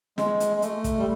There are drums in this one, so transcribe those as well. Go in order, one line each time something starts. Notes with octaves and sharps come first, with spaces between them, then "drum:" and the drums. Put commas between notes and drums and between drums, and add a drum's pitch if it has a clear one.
G#3, drum: snare
drum: hi-hat
G#3
A3, drum: hi-hat
drum: kick, hi-hat
G3